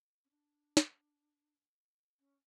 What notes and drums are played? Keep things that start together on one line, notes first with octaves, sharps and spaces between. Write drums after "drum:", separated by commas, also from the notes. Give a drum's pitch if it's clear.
C#4
D4
drum: snare
C#4